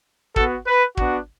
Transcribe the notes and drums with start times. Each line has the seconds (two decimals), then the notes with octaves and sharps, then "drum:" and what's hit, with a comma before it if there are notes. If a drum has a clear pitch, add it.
0.36 B3 F#4 A4, drum: kick
0.67 B4
0.97 B3 D4 F#4, drum: kick